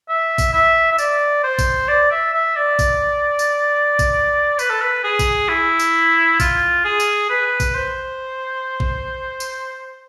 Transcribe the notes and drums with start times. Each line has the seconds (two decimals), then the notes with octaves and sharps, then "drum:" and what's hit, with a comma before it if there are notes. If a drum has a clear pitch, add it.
0.09 E5
0.38 drum: kick A#1, tambourine
0.53 E5
0.92 E5
0.98 D5, drum: tambourine
1.43 C5
1.59 drum: kick A#1, tambourine
1.88 D5
2.11 E5
2.34 E5
2.56 D5
2.79 drum: kick A#1, tambourine
3.39 drum: tambourine
3.99 drum: kick A#1, tambourine
4.59 B4, drum: tambourine
4.70 A4
4.81 B4
5.04 G#4
5.19 drum: kick A#1, tambourine
5.49 E4
5.79 drum: tambourine
6.40 F4, drum: kick A#1, tambourine
6.85 G#4
7.00 drum: tambourine
7.30 B4
7.60 drum: kick A#1, tambourine
7.75 C5
8.80 drum: kick A#1
9.40 drum: tambourine